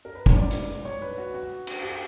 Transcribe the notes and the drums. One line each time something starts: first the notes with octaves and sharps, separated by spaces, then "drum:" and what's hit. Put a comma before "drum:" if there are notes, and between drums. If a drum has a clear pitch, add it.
A#4
B4
C#5, drum: kick
D5
drum: hi-hat
C#5
B4
F#4
F#4
drum: cymbal
G4